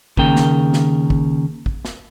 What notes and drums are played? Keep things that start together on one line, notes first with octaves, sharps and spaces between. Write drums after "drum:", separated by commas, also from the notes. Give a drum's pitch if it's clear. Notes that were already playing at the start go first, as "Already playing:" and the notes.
D#2 C#3 A#4 G5, drum: kick
drum: snare
drum: snare
drum: kick
drum: kick
drum: snare